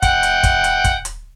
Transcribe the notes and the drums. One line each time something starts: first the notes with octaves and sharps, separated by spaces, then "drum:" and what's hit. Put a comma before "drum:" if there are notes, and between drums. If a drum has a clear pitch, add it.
F#5 G5, drum: kick, hi-hat
drum: hi-hat
drum: kick, hi-hat
drum: hi-hat
drum: kick, hi-hat
drum: hi-hat